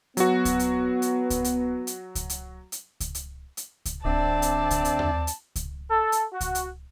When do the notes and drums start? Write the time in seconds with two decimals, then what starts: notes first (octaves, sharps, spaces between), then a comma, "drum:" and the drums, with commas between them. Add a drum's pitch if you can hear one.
0.17 F#3 B3 F#4, drum: hi-hat
0.45 drum: kick C#2, hi-hat
0.59 drum: hi-hat
1.02 drum: hi-hat
1.30 drum: kick C#2, hi-hat
1.44 drum: hi-hat
1.87 drum: hi-hat
2.15 drum: kick C#2, hi-hat
2.30 drum: hi-hat
2.72 drum: hi-hat
3.00 drum: kick C#2, hi-hat
3.15 drum: hi-hat
3.57 drum: hi-hat
3.85 drum: kick C#2, hi-hat
4.05 D1 D3 C4 D4 D5 E5 A5
4.42 drum: hi-hat
4.70 drum: kick C#2, hi-hat
4.85 drum: hi-hat
4.99 drum: tom D#2
5.27 drum: hi-hat
5.56 drum: kick C#2, hi-hat
5.89 A4
6.12 drum: hi-hat
6.32 F#4
6.41 drum: kick C#2, hi-hat
6.55 drum: hi-hat